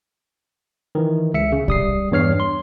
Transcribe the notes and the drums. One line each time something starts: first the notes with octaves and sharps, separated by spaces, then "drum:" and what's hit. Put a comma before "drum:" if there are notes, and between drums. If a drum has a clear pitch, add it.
D#3 E3
C#2 E5 C#7
C#3
G3 D#6 C7, drum: kick
E2 G2 C#5 F6 C7
C6